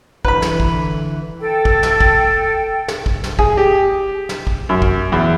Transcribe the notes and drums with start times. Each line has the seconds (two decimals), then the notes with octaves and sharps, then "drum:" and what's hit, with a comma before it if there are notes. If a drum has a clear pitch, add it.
0.25 D3 E3 B4 B5, drum: kick
0.42 drum: snare
0.60 drum: kick
1.39 A4 G5
1.65 drum: kick
1.83 drum: snare
2.00 drum: kick
2.88 drum: snare
3.06 drum: kick
3.24 drum: snare
3.39 G#4, drum: kick
3.57 G4
4.29 drum: snare
4.47 drum: kick
4.69 F#2
4.82 drum: kick
5.12 E2